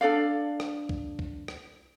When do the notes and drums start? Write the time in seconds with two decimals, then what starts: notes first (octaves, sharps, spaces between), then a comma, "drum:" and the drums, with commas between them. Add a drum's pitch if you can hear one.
0.01 D4 A4 D5 F5
0.60 drum: rim click
0.89 drum: kick
1.19 drum: kick
1.48 drum: rim click